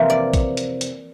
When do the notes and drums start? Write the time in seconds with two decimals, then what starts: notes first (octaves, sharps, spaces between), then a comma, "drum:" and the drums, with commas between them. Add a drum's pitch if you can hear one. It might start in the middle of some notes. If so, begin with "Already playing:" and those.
Already playing: F2 C3 E3 A#3 A#4 C5
0.10 D5
0.34 drum: kick A#1, hi-hat
0.57 drum: hi-hat
0.81 drum: hi-hat